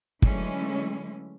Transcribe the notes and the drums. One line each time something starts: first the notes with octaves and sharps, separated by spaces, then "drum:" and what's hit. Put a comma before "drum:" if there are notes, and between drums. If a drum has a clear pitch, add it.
D3 E3 F#3 G#3 A3 C#4, drum: kick